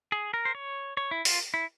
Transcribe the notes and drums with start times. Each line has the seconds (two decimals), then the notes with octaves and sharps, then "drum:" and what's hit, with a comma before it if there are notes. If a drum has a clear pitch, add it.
0.12 G#4
0.34 A#4
0.45 C5
0.55 C#5
0.97 C#5
1.11 E4
1.25 F4, drum: open hi-hat
1.54 E4